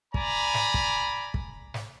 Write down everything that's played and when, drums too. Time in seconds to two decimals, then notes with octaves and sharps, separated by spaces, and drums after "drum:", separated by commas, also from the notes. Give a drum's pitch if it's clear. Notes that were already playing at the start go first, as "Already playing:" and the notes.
0.14 D5 G#5 A#5 B5, drum: kick
0.54 drum: snare
0.74 drum: kick
1.34 drum: kick
1.74 drum: snare